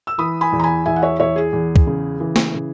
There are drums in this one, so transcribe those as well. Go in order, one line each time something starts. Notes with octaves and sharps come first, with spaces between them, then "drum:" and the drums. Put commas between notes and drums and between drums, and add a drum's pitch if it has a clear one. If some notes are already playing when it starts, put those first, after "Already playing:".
E6
E3 B5 D#6
G#5 B5
E2
A#5
G#5 B5
E2 E5 G#5
F#5
C#5 E5
E2 C#5 E5
G#4
E2
drum: kick
C#3
E3
drum: snare
C#3